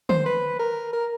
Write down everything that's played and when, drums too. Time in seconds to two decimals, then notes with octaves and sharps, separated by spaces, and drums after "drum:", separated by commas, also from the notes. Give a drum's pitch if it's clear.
0.09 C5, drum: tom
0.26 B4
0.59 A#4
0.93 A#4